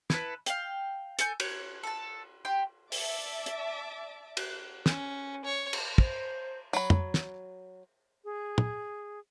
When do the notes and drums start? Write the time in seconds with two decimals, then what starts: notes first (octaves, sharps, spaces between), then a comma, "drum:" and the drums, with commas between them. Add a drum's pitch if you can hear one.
0.10 E4 A4 B4, drum: snare
0.46 F5 G5, drum: hi-hat
1.19 A4 G#5 G6, drum: hi-hat
1.40 C#5, drum: cymbal
1.83 A4 A5
2.45 G4 G5 C6
2.92 D5 E5 A5 D6, drum: open hi-hat
3.46 drum: hi-hat
4.37 drum: cymbal
4.86 C#4, drum: snare
5.45 C#5
5.73 drum: cymbal
5.98 C5, drum: kick
6.73 F#3 B5, drum: tambourine
6.90 drum: tom
7.14 drum: snare
8.24 G#4
8.58 drum: tom